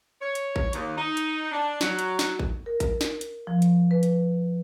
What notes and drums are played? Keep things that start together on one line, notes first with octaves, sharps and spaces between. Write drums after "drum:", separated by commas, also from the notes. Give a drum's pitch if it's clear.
C#5
drum: hi-hat
drum: kick A1
D#2, drum: hi-hat
D#4
drum: hi-hat
D4
F#3, drum: snare
drum: hi-hat
drum: snare
drum: kick A1
A#4
drum: kick A1, hi-hat
drum: snare
drum: hi-hat
F3
drum: hi-hat
B4
drum: hi-hat